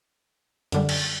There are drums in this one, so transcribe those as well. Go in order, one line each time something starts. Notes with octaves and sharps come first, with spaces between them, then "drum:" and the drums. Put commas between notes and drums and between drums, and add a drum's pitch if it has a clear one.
F#2 D3 G3, drum: hi-hat
drum: cymbal